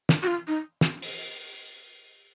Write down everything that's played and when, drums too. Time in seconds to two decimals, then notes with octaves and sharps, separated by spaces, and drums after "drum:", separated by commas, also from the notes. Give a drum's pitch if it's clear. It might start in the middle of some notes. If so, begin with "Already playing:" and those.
0.09 drum: snare
0.23 F#4
0.27 F4
0.48 D#4
0.81 drum: snare
1.02 drum: open hi-hat